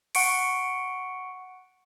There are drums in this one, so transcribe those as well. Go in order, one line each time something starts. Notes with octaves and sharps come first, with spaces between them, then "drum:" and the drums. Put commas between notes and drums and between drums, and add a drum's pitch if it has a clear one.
F#5 C#6 C#7 D7, drum: open hi-hat